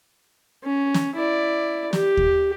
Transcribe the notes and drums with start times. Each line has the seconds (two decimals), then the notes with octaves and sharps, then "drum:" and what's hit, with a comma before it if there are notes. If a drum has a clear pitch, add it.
0.64 C#4
0.94 drum: snare
1.16 E4 D5
1.93 G4, drum: snare
2.17 drum: kick D#2